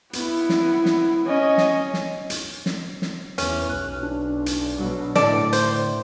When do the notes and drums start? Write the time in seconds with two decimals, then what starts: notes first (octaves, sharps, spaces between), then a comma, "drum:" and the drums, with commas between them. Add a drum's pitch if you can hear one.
0.13 B3 E4, drum: hi-hat
0.49 drum: snare
0.85 drum: snare
1.26 C#4 D#5
1.58 drum: snare
1.94 drum: snare
2.30 drum: hi-hat
2.66 drum: snare
3.02 drum: snare
3.38 E2 C#4, drum: hi-hat
3.69 B1 F#6
4.03 D4
4.46 drum: hi-hat
4.78 B2 F#3
5.15 A2 D3 A4 D5, drum: snare
5.53 C5, drum: hi-hat